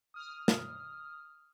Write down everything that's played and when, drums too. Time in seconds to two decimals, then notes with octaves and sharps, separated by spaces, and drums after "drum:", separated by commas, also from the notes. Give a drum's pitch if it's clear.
0.14 D#6 F6
0.48 drum: snare